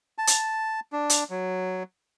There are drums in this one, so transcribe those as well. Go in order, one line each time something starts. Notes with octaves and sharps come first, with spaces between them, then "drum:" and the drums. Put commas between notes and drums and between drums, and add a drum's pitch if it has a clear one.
A5
drum: hi-hat
D4
drum: hi-hat
F#3